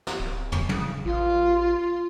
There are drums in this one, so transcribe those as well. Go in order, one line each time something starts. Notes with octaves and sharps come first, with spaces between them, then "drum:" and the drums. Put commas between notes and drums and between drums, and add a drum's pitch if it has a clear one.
drum: snare
D1
drum: tom
C#3, drum: tom
A1 F4